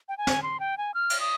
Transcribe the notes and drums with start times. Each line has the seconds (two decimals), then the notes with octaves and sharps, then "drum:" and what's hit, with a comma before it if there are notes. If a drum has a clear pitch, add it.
0.09 G5
0.18 G#5
0.27 drum: snare
0.43 C6
0.60 G5
0.78 G#5
0.94 F6
1.10 drum: cymbal
1.20 D#6